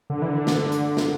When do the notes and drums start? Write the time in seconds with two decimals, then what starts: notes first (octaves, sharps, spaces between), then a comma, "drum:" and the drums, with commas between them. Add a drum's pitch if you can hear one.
0.10 D3
0.22 E3
0.29 D3
0.47 drum: snare
0.72 drum: hi-hat
0.97 drum: snare